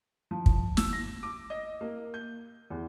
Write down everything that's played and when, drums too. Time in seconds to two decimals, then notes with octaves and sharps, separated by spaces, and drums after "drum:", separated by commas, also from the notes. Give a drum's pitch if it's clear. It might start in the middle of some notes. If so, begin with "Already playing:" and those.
0.31 F3
0.46 drum: kick
0.77 E6, drum: snare
0.93 A#6
1.23 D6
1.50 D#5
1.81 A#3
2.14 G6
2.70 E2